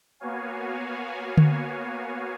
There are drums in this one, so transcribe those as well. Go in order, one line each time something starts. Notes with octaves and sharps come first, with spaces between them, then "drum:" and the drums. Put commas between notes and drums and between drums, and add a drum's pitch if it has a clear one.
A#3 B3 F#4 C#5 F5 G#5
drum: tom D3